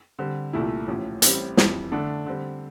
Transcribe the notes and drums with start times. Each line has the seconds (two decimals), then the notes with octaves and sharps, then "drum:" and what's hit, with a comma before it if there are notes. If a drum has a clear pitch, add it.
0.19 D3 G3 C4
0.53 C2 A#2 A3 E4
0.87 A1 A2 F3
1.22 A1 A2 G3 C4, drum: hi-hat
1.57 F2 E3 G3 C4, drum: snare
1.92 D3 A3 D4 A4
2.26 D3 G3 C4